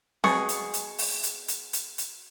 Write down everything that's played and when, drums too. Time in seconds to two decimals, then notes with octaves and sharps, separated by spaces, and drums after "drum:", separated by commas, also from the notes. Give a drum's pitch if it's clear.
0.24 B2 G#4 C#6, drum: snare C4
0.49 drum: hi-hat
0.74 drum: hi-hat
0.98 drum: open hi-hat
1.23 drum: hi-hat
1.48 drum: hi-hat
1.73 drum: hi-hat
1.98 drum: hi-hat